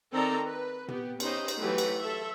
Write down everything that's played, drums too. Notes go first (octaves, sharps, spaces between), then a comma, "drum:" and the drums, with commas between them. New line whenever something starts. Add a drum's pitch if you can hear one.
D#3 C4 A4 D5 A5 A#5
B4
B3 G4, drum: tom
B3 C#4 D#4 G4 B4 C5, drum: cymbal
drum: cymbal
E3 F#3 A3 F#4 G4 B4
drum: cymbal
A4 E5